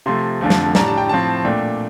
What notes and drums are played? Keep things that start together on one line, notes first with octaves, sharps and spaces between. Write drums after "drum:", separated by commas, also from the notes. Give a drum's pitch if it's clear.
C3 F3 A3 C6
F2 D3 F3 A3
drum: snare
A2 G3 D4 A#5, drum: snare
A5
G5
A2 F3 C4 A5
A#2 A3 D4 G5